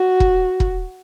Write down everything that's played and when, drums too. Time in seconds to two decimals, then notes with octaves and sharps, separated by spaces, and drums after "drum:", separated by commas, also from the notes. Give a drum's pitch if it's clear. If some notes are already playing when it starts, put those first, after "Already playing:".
Already playing: F#4
0.20 drum: kick
0.60 drum: kick